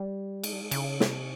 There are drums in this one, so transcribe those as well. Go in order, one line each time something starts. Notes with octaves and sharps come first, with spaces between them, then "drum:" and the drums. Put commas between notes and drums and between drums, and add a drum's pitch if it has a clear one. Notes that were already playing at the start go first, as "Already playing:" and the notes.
Already playing: G3
G#3, drum: cymbal
G3
G#3
C#3, drum: cymbal
C3, drum: snare